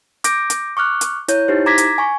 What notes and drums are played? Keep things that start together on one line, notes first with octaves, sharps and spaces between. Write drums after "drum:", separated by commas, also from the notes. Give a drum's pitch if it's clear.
D6 G6 A#6 D7, drum: hi-hat
drum: hi-hat
C#6 D6 F6 F#6
drum: hi-hat
E4 C#5 G6, drum: hi-hat
D#4 E4 G4 C5
A#5 D6 G#6 A#6 B6
drum: hi-hat
G#5 C#6